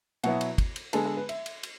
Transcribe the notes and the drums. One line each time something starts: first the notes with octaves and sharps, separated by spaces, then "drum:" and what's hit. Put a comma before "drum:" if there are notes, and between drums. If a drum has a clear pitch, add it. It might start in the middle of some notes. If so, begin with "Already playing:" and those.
B2 F#3 B3 E4 F#5, drum: cymbal
drum: cymbal
drum: kick, cymbal
drum: cymbal
D3 G#3 B3 A4, drum: cymbal
A4
B4
E5, drum: cymbal
drum: cymbal
drum: cymbal